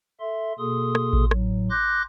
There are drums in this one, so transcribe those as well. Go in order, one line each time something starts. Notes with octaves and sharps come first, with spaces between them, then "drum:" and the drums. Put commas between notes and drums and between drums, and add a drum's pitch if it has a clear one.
A4 E5 C6
B2 A#3 G#4 A4 C6 D#6
drum: rim click
drum: kick A1
A2 F#3, drum: rim click
C6 D6 F#6 G6 A#6